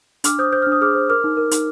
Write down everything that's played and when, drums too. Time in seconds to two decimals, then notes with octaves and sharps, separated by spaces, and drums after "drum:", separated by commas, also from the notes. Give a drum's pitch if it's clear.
0.24 D4 D6 F6, drum: hi-hat
0.39 C5 D#6 G6
0.52 C5 G6
0.62 D4 F6
0.72 D#6
0.81 G#4 D6 F6
0.95 C5
1.09 A#4 D6 F6
1.24 D#4
1.37 A#4
1.51 D#4, drum: hi-hat